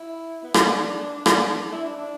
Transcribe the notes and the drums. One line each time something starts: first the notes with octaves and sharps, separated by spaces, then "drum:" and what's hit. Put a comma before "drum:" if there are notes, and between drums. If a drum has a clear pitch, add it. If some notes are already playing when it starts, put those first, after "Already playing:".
Already playing: E4
B3
D4, drum: rim click
D4, drum: rim click
E4
D4
D4